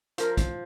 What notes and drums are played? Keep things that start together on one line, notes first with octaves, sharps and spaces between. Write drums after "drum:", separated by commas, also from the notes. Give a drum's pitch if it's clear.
F3 A#4, drum: hi-hat
drum: kick, hi-hat